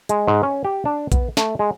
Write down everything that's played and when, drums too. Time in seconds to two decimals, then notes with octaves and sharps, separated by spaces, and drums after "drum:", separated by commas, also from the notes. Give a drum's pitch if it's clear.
0.09 G#3, drum: hi-hat
0.27 G#2
0.43 C#4
0.65 G4
0.85 D4
1.12 B3, drum: kick, hi-hat
1.37 A3, drum: snare
1.59 G#3